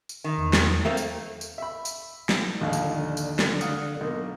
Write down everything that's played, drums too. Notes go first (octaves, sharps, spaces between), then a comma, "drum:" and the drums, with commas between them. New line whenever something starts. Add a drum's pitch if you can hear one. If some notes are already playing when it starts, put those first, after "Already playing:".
drum: tambourine
D#3
E2
drum: snare
A3 A#3 C4
drum: tambourine
drum: tambourine
E5 B5
drum: tambourine
drum: snare
A#1 D#2 D3
drum: tambourine
drum: tambourine
drum: snare
F5 F#5 D#6, drum: tambourine
B1 A#3